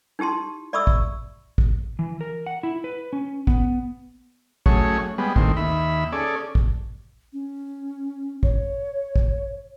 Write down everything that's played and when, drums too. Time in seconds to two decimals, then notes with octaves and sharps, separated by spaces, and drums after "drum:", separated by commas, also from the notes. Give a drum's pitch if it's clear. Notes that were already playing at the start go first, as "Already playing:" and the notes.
0.19 D#4 E4 G4 A5 C6
0.73 D5 E5 B5 C#6 D#6 E6
0.87 drum: kick
1.58 drum: kick
1.99 E3
2.21 A#4
2.46 F#5
2.63 E4
2.84 B4
3.13 C#4
3.47 B3, drum: kick
4.66 F#3 A3 C#4 G#4 C#5, drum: kick
5.18 G3 G#3 B3
5.36 A2 D#3 C4, drum: kick
5.57 D#2 E5 B5
6.12 C#4 G#4 A4 D5
6.55 drum: kick
7.33 C#4
8.43 C#5, drum: kick
9.16 drum: kick